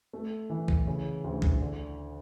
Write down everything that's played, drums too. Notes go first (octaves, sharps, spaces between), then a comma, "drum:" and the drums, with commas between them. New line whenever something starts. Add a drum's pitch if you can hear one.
A3
E3
drum: kick
C#3
D2
drum: kick
D3